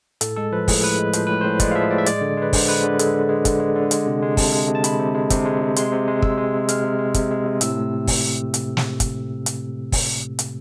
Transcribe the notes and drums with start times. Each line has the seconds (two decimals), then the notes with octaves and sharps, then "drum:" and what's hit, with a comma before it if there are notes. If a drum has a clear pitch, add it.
0.21 A2 A4, drum: hi-hat
0.36 G#3 A4
0.52 F3 B4
0.68 A2 G#4, drum: kick, open hi-hat
0.84 A2 B4
0.99 G#3
1.13 F3 C5, drum: hi-hat
1.27 A2 B4
1.41 A2 C5
1.60 G#3 D5, drum: kick, hi-hat
1.71 F5
1.75 F3 E5
1.91 A2 D5
1.98 E5
2.06 G#3 D5, drum: hi-hat
2.21 D3
2.37 G#3 B4
2.53 D3 C5, drum: kick, open hi-hat
2.68 G#3 B4
2.83 D3 G#4
2.99 G#3 A4, drum: hi-hat
3.14 D3
3.29 G#3
3.45 D3, drum: kick, hi-hat
3.60 G#3
3.75 D3
3.91 G#3, drum: hi-hat
4.06 C3
4.22 G#3
4.37 C3 A5, drum: kick, open hi-hat
4.53 G#3
4.69 C3
4.75 A5
4.84 G#3 B5, drum: hi-hat
4.99 C3
5.15 G#3
5.30 C3, drum: kick, hi-hat
5.45 G#3
5.61 C3
5.76 G#3 C6, drum: hi-hat
5.92 C3
6.08 G#3
6.22 C3 E6, drum: kick
6.38 G#3
6.54 C3
6.69 G#3 F6, drum: hi-hat
6.84 C3
6.99 G#3
7.14 C3, drum: kick, hi-hat
7.31 G#3
7.46 C3
7.61 A2 E6, drum: hi-hat
7.77 A3
8.07 drum: kick, open hi-hat
8.54 drum: hi-hat
8.77 drum: snare
9.00 drum: kick, hi-hat
9.46 drum: hi-hat
9.92 drum: kick, open hi-hat
10.39 drum: hi-hat